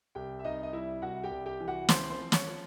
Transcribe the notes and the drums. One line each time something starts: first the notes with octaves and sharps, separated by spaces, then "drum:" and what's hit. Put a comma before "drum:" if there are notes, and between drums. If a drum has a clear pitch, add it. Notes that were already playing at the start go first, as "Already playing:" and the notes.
C2 G4 G5
E5
C2 D#4 D#5
D#5
G3 E4 E5
C2 F#4 F#5
G4 G5
C2
G4 G5
E3
F#4 F#5
C4 C5 C6, drum: snare
C5 C6
F3
C#5 C#6, drum: snare
F3